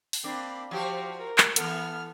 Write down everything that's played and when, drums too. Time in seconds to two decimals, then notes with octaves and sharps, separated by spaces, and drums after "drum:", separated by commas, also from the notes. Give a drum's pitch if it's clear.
0.13 drum: open hi-hat
0.24 A#3 C4 D4 B5
0.71 F3 F#4 G4 C5 F5
1.19 A#4
1.38 drum: clap
1.56 E3 B3 A4 F6, drum: hi-hat